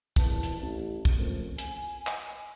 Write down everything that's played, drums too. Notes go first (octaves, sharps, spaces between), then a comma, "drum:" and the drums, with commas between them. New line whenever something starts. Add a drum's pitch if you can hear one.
G#1 E2 E3 C4 B4 A5, drum: kick
drum: hi-hat
A1
drum: kick
A#2 C#3 F3 A3 A#3 C4
G#5, drum: hi-hat
drum: clap